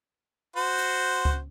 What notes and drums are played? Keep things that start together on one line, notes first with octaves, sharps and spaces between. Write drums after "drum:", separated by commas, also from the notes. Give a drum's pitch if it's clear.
F#4 C5
drum: hi-hat
drum: kick C#2